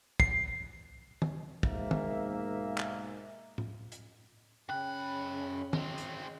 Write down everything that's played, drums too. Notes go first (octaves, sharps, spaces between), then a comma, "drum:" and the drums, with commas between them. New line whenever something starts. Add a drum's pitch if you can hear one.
C7, drum: kick
drum: tom D#3
B1 G#2 A#3 E5, drum: kick
drum: tom D#3
drum: clap
drum: tom A2
drum: hi-hat
F#2 C#3 G5 B5 F#6
G#3 C4, drum: tom D#3
drum: hi-hat